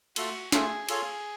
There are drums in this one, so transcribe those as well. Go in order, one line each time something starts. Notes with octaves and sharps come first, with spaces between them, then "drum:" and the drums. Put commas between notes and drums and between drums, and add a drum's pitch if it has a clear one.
A3 F4 F#4 A4, drum: cymbal
A3 F4 G#4 A4, drum: snare
F4 G#4 A4 C#5 F5, drum: cymbal